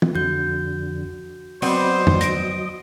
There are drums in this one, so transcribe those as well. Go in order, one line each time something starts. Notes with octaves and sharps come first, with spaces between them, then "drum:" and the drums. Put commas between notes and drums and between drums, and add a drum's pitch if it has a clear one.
drum: tom
F2 D3 F#4 G6
F#3 B3 C4 C5 D5 D#5, drum: open hi-hat
drum: tom
A#6 D7, drum: hi-hat